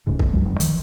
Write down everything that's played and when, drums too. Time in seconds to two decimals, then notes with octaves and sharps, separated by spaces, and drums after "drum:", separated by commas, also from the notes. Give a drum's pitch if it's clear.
0.07 D#1 D2 G#2 C#3
0.19 E2, drum: kick C2
0.33 C#2 G2 F#3 G#3
0.45 F#1 D2
0.60 D#3 F3, drum: hi-hat